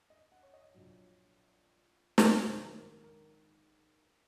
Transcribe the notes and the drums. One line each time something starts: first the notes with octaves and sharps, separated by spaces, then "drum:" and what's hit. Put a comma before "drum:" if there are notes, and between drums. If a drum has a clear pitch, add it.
D#5
F#5
C#5
D#5
A#1 A#2 F#3
drum: snare
A#1 G#2 D#3 F#3 C#5
A#4
A#4